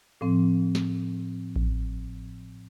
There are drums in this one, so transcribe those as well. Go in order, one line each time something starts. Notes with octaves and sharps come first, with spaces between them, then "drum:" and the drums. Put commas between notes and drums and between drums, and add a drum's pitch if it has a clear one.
A2 F3 C4
drum: snare
drum: kick A1